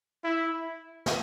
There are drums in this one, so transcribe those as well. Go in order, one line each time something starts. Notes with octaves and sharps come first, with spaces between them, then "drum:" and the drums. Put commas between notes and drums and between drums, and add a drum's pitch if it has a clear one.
E4
drum: snare